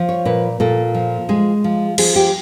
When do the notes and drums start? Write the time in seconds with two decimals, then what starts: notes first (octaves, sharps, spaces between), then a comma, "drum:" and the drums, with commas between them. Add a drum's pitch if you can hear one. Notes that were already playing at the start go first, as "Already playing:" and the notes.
Already playing: F3
0.09 C#5
0.25 A#2 B4
0.60 A#2 A4
0.95 F3
1.29 G#3 G#4
1.64 F3
1.98 F3 G#4, drum: cymbal
2.16 G4